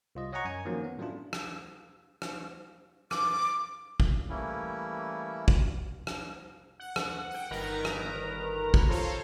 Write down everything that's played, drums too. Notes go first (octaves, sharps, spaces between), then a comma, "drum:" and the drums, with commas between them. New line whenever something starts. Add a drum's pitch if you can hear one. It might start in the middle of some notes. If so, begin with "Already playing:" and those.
C2 F4 D#5
C#5 D#5 F#5 G#5 A#5 C#6
F#2 G#5 G#6
D#3 F3 F#3 A#3 C#4
B3
A2 F#3 A3 C#4 D4 F4
drum: rim click
drum: rim click
D6, drum: rim click
drum: kick
E3 G3 A3 A#3 C#4 E4
drum: kick
drum: rim click
F#5
drum: rim click
F#5 G5
G1 D#3 A#4 B4 A#5
drum: rim click
drum: kick
F4 A4 C5 C#5 F5